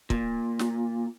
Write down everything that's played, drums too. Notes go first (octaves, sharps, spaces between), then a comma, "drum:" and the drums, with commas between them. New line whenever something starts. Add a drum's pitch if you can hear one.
A#2, drum: kick
drum: snare